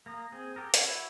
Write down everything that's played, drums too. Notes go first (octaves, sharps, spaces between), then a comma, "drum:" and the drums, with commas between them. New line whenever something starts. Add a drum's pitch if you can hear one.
A#3 A#5 D#6
C4 G#4
G4 A4 A#4
E4 F#4 C#5, drum: hi-hat